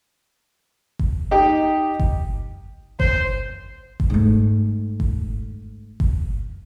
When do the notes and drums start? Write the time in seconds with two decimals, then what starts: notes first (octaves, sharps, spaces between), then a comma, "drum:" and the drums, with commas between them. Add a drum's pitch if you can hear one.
0.99 drum: kick G1
1.31 D#4 G4
2.00 drum: kick G1
3.00 C5, drum: kick G1
4.00 drum: kick G1
4.10 G#2 A3
5.00 drum: kick G1
6.00 drum: kick G1